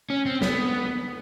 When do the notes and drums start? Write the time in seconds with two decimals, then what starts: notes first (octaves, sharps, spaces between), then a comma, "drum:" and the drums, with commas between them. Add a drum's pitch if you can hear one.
0.10 C#4
0.26 C4
0.42 B3, drum: snare